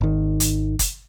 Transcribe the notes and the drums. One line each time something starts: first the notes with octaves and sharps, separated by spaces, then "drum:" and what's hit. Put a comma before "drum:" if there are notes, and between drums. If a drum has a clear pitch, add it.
G#1 D#3
drum: hi-hat
drum: kick, hi-hat